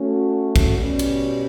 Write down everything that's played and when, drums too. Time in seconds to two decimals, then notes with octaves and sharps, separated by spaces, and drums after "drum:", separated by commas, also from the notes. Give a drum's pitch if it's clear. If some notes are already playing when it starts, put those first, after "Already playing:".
Already playing: A3 C#4 F#4
0.56 drum: kick, cymbal
0.77 B2 G3 C#4
0.99 drum: cymbal